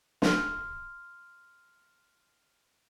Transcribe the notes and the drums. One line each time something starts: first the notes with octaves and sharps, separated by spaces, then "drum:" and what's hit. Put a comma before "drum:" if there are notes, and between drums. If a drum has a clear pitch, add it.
C6 F6, drum: snare